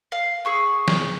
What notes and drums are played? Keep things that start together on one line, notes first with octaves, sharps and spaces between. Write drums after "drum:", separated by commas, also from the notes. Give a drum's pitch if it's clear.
F5
G#4 C#6 E6
drum: snare